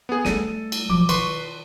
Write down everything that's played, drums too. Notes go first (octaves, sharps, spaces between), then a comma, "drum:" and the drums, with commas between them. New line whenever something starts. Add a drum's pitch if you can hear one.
B3 G#4
G3 A3 A4 D#7, drum: snare
drum: cymbal
F3 F#3 D6
D#3 B4 C6 C#6, drum: cymbal